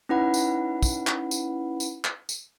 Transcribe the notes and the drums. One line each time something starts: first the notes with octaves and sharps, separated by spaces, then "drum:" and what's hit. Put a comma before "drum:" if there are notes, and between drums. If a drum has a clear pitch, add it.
C#4 D#4 E4 B4 F#5 B5
drum: tambourine
drum: kick, tambourine
drum: clap
drum: tambourine
drum: tambourine
drum: clap
drum: tambourine